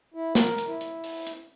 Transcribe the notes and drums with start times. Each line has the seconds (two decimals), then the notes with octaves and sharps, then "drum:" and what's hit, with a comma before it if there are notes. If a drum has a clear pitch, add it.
0.14 E4
0.35 A#4, drum: snare
0.58 drum: hi-hat
0.67 E4
0.81 drum: hi-hat
1.04 drum: open hi-hat
1.27 drum: hi-hat